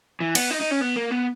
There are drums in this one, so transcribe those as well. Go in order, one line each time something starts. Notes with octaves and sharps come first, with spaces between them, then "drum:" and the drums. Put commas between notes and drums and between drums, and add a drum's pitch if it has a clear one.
E3
B3, drum: cymbal
D#4
D#4
C#4
B3
A#3
B3